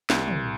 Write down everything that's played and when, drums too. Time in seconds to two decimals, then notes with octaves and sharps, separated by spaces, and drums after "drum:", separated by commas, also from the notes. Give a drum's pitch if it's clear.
0.10 C2, drum: snare
0.28 drum: tom